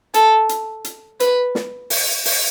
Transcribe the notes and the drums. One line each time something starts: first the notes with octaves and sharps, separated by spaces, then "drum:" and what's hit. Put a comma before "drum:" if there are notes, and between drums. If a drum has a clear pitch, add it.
A4, drum: hi-hat
drum: hi-hat
drum: hi-hat
B4, drum: hi-hat
drum: snare
drum: open hi-hat
drum: open hi-hat